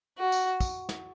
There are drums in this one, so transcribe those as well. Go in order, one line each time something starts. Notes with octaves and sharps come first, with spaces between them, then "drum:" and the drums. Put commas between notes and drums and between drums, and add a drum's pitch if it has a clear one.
F#4
drum: tambourine
drum: kick, tambourine
drum: snare